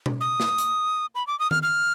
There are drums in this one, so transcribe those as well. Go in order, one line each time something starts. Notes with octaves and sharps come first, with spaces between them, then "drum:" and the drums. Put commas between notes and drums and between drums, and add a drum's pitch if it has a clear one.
drum: tom B2
D#6
drum: snare
drum: hi-hat
B5
D6
D#6
F6, drum: tom D#3
F6